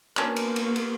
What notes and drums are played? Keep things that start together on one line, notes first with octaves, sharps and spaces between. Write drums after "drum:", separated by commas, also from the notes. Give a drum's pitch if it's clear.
F#3 A#3 B3 C#4 D4, drum: clap
drum: cymbal
drum: cymbal
drum: cymbal